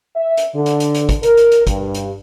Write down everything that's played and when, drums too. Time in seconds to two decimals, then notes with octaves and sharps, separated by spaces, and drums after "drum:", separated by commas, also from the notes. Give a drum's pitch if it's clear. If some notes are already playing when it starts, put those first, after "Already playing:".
0.16 E5
0.37 drum: hi-hat
0.55 D3
0.66 drum: hi-hat
0.80 drum: hi-hat
0.95 drum: hi-hat
1.09 drum: kick, hi-hat
1.23 A#4, drum: hi-hat
1.37 drum: hi-hat
1.52 drum: hi-hat
1.67 G2, drum: kick, hi-hat
1.94 drum: hi-hat